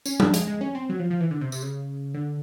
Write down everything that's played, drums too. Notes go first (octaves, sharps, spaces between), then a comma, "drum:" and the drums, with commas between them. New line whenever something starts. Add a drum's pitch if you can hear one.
C#4, drum: tambourine
D4, drum: tom F3
G#3, drum: hi-hat
G#3
C#4
C4
F#3
F3
F3
E3
D3
C3
C3, drum: tambourine
C#3
D3